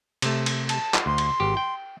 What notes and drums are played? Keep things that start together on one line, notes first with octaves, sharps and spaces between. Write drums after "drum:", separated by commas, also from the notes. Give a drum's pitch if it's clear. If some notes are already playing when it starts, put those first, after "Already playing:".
C3 A3, drum: cymbal
drum: cymbal
A5, drum: cymbal
drum: clap
D2 C6
drum: cymbal
G#1 G4
G5